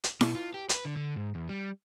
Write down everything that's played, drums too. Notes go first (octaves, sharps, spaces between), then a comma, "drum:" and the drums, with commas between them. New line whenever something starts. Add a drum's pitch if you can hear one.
drum: hi-hat
B2, drum: snare E4
F4
G4
B4, drum: hi-hat
D3
D3
G#2
E2
G3